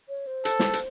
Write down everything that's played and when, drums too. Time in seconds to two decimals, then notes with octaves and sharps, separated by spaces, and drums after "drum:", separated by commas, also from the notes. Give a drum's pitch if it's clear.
0.09 C#5
0.27 C5
0.45 A4, drum: hi-hat
0.59 drum: snare
0.73 drum: hi-hat